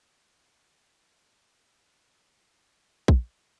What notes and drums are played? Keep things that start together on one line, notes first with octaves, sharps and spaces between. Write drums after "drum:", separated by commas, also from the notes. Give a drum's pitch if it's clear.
A#3
G#3
F#3
F3
F#3
G#3
F4
D#4
C#4
A#3
F#3
F#3
F#3
drum: kick A#1
A#3